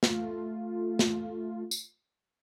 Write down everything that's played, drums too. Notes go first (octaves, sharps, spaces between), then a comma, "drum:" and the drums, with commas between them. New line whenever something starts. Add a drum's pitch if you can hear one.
A3 F4, drum: snare
drum: snare
drum: tambourine